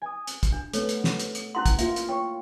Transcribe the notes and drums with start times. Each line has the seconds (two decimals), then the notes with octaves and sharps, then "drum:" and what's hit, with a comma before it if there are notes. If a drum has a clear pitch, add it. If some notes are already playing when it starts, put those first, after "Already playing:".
0.02 G#5 D#6
0.27 drum: hi-hat
0.43 drum: kick, hi-hat
0.52 D4
0.73 A3 B3 A4 C#5, drum: hi-hat
0.89 drum: hi-hat
1.04 drum: snare
1.20 drum: hi-hat
1.35 drum: hi-hat
1.55 C#4 E4 F#5 C6
1.66 drum: kick, hi-hat
1.79 A#3 F4 E5, drum: hi-hat
1.96 drum: hi-hat
2.09 C#5 G5 C#6